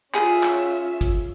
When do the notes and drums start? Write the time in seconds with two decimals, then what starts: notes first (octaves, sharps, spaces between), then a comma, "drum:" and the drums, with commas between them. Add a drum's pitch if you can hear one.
0.15 C#4 F4 G#4 E5, drum: clap
0.43 drum: clap
1.01 drum: kick, hi-hat